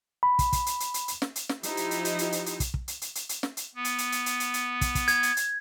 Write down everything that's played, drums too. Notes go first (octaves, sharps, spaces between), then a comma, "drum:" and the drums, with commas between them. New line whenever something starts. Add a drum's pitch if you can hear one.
B5
drum: kick, hi-hat
drum: kick, hi-hat
drum: hi-hat
drum: hi-hat
drum: hi-hat
drum: hi-hat
drum: snare
drum: hi-hat
drum: snare
F3 D#4 E4 G4, drum: hi-hat
drum: hi-hat
drum: hi-hat
drum: hi-hat
drum: hi-hat
drum: hi-hat
drum: hi-hat
drum: kick, hi-hat
drum: kick
drum: hi-hat
drum: hi-hat
drum: hi-hat
drum: hi-hat
drum: snare
drum: hi-hat
B3
drum: hi-hat
drum: hi-hat
drum: hi-hat
drum: hi-hat
drum: hi-hat
drum: hi-hat
drum: kick, hi-hat
drum: kick, hi-hat
G#6, drum: hi-hat
drum: hi-hat
drum: hi-hat